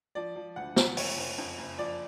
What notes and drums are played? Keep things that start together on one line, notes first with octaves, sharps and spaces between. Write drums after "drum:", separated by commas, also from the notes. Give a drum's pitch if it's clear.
F3 D5
F3
D2 F#5
F3, drum: snare
F#1 C#5, drum: open hi-hat
F#1
F2
F#1
F3 D5